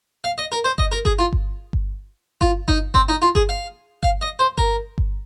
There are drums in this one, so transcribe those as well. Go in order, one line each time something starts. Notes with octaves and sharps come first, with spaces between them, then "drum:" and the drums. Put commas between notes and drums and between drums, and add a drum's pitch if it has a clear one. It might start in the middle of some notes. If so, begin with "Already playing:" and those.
F5
D#5
A#4
C5
D#5, drum: kick G1
A#4
G#4, drum: kick G1
F4
drum: kick G1
drum: kick G1
F4, drum: kick G1
D#4, drum: kick G1
C4, drum: kick G1
D#4
F4
G#4, drum: kick G1
F5
F5, drum: kick G1
D#5
C5
A#4, drum: kick G1
drum: kick G1